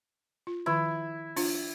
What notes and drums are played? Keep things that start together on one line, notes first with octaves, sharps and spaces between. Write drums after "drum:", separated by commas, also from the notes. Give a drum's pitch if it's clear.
F4
D#3 F3 E4 B5
D4 F4, drum: open hi-hat